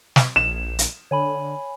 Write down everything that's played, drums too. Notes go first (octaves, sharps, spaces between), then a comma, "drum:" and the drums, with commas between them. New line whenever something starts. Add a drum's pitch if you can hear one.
drum: snare
A#1 E7
drum: hi-hat
D3 C#5 G#5 B5